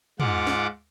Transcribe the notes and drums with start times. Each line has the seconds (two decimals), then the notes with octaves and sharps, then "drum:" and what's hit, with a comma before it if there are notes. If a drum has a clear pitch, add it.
0.20 G#2 F4 F#5 D6, drum: tom
0.47 drum: snare